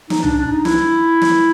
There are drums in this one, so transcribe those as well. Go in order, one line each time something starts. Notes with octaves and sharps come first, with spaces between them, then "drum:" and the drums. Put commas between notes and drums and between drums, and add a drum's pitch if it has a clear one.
D#4, drum: snare
D4, drum: tom C2
D4
D#4
E4, drum: snare
drum: snare